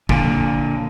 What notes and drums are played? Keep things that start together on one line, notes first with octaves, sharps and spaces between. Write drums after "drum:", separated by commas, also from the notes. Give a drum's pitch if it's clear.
A#2 D3, drum: kick